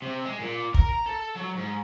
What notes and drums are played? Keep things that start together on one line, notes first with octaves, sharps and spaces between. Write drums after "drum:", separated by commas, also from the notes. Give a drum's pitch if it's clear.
C3
G#3
A#2
A#4, drum: kick
A#5
A4
F#3
G#2